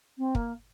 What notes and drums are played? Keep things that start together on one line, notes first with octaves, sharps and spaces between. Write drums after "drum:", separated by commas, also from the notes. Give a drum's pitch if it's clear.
C4
A#3, drum: kick